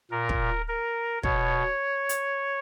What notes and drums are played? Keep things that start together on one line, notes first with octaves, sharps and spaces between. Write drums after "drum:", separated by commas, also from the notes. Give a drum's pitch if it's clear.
A#2 A#4
drum: kick
A#4
B2 C#5, drum: kick
drum: hi-hat